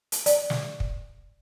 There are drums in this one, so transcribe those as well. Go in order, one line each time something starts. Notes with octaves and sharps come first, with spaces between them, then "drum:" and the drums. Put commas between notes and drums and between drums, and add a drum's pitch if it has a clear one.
drum: hi-hat
D5, drum: hi-hat
drum: snare
drum: kick